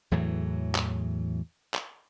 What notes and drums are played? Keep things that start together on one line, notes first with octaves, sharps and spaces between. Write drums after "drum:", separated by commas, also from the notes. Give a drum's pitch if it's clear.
E2 A2 E3 F#3
drum: clap
drum: clap